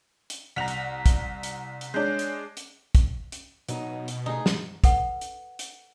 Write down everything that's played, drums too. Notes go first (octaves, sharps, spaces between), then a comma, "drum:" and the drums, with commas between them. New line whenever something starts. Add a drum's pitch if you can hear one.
drum: hi-hat
C2 F#5 A#5 B6 F7
drum: hi-hat
drum: kick, hi-hat
drum: hi-hat
drum: hi-hat
G#3 D4 C#5 G6
drum: hi-hat
drum: hi-hat
drum: kick, hi-hat
drum: hi-hat
B2 F#3 D#4, drum: hi-hat
drum: hi-hat
A3 D#4 G#4
drum: snare
A4 B4 F#5, drum: kick, hi-hat
drum: hi-hat
drum: hi-hat